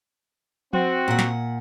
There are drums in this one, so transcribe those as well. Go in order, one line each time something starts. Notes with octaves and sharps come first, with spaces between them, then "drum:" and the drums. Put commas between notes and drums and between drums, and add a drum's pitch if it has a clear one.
C4 F#4, drum: tom F3
A#2 F#5
drum: snare